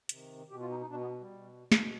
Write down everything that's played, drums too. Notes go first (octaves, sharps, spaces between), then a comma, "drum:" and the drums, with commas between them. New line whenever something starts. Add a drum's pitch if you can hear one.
C3 D#3, drum: hi-hat
B2 G4
F4
D#4
D#4
B2 D4
B3
G3
B2
B2, drum: snare